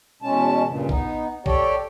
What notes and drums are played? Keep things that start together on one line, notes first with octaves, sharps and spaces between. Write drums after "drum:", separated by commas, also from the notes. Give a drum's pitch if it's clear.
E2 B2 G#3 C#4 A5
G2 A#2 C#3
B3 D#4, drum: kick A#1
G4 A4 C#5 D5 G5, drum: kick A#1